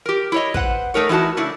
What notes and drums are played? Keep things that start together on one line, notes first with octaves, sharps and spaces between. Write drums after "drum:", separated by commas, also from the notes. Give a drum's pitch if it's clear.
G4 A#4
E4 C#5 D#5
B4 C5 F#5, drum: kick
A3 D#4 A#4 C#5
E3 D#4 E4 F#4 A#4 A5
C#3 A3 D4 E4